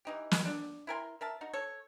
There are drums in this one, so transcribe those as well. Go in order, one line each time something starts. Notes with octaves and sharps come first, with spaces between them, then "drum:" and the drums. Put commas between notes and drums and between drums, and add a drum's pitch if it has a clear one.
E3 D#4 G4
drum: snare
D4
E4 A#4 G#5 C6
A#4 E5 A5
D#4 F#4
A4 C#5